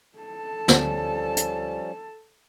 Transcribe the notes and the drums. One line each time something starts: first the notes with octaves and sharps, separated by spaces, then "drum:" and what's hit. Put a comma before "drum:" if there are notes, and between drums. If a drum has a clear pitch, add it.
A4 A5
D2 F3 G3 C#4, drum: snare
drum: hi-hat